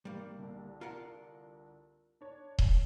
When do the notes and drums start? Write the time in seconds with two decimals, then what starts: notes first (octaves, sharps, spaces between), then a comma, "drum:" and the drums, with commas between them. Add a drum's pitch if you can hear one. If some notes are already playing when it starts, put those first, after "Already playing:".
0.05 G#1 G3 A#3
0.38 C2 D3
0.81 F4 A#4 F#5
2.21 D4 C#5
2.59 drum: kick D#1